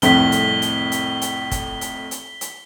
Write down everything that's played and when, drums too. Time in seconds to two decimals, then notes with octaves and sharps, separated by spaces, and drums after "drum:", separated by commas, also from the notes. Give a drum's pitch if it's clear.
0.02 C2 F2 A2 B6 G7, drum: hi-hat
0.32 drum: hi-hat
0.62 drum: hi-hat
0.92 drum: hi-hat
1.22 drum: hi-hat
1.51 drum: kick, hi-hat
1.81 drum: hi-hat
2.11 drum: hi-hat
2.41 drum: hi-hat